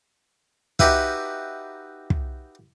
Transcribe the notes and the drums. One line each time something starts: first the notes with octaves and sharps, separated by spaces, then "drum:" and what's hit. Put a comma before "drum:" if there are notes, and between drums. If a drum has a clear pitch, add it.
D#4 F#4 G4 B4 E5, drum: kick
drum: kick